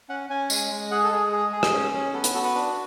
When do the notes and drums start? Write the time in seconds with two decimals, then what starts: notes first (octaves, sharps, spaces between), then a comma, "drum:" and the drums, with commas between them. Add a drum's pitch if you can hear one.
0.09 C#4 F#5
0.30 C#4 G#5
0.50 G#3, drum: tambourine
0.70 G#3
0.91 G#4 F#5
1.04 A4
1.12 G#3 G#4
1.33 G#4
1.53 G#4
1.63 drum: rim click
1.73 C#4
1.94 C#4
2.14 B3 A4
2.24 B4, drum: hi-hat
2.34 F#4 A4
2.44 B4
2.55 D4